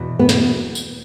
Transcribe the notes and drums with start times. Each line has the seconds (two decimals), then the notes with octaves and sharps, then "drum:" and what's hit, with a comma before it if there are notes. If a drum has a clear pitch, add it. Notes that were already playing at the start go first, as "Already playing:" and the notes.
Already playing: E2 B2
0.19 B3
0.29 drum: snare
0.75 drum: tambourine